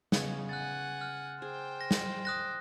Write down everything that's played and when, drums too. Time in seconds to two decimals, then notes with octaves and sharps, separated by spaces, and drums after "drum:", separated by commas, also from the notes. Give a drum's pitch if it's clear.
0.12 C#3 B3 C#5, drum: snare
0.49 F#5 G#5 F#6 A6
1.01 F6
1.42 G#4 C5 G5
1.81 A#6
1.91 drum: snare
2.25 D#6 F#6 A#6